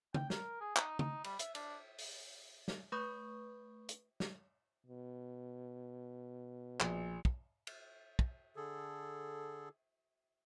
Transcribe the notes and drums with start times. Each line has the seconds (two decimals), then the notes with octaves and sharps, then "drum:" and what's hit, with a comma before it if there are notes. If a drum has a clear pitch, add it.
0.14 G5, drum: tom
0.30 A#4, drum: snare
0.61 G#4
0.76 D#4, drum: clap
0.99 D#4, drum: tom
1.24 G3, drum: cymbal
1.39 E5, drum: hi-hat
1.55 D4, drum: cymbal
1.98 drum: open hi-hat
2.68 drum: snare
2.92 A3 B4 B5 C#6 D#6 G6
3.89 drum: hi-hat
4.20 drum: snare
4.87 B2
6.80 A#1, drum: clap
7.25 drum: kick
7.67 drum: cymbal
8.19 drum: kick
8.56 D3 G#4 A4